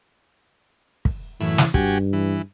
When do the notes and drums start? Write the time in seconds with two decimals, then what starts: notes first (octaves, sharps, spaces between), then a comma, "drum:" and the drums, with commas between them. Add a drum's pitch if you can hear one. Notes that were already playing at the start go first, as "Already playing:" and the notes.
1.05 drum: kick
1.41 F#2 A2 E3 E4
1.58 drum: snare
1.74 G2 F#4 G4 G#5, drum: kick
2.13 E3